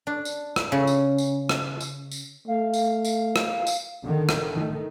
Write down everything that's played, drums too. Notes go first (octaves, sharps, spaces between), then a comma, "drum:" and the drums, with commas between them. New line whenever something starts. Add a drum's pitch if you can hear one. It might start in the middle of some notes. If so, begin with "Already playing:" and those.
D4
drum: tambourine
drum: rim click
C#3
drum: tambourine
drum: tambourine
drum: rim click
drum: tambourine
drum: tambourine
A3 F5
drum: tambourine
drum: tambourine
drum: rim click
drum: tambourine
D3 D#3
drum: rim click
D#3 A3